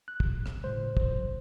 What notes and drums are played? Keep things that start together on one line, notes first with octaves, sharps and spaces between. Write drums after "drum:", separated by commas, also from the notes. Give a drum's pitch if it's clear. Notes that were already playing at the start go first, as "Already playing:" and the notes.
F#6
drum: kick
drum: rim click
A2 C#3 G#3 C5
F1 B1 F#2, drum: kick